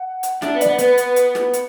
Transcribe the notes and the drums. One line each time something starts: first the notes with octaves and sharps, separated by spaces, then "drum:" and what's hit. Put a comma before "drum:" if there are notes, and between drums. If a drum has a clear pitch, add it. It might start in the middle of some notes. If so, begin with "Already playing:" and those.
Already playing: F#5
drum: hi-hat
D4 E5, drum: snare
B3
D5, drum: hi-hat
B3
B3 B4, drum: hi-hat
drum: hi-hat
drum: hi-hat
drum: snare
drum: hi-hat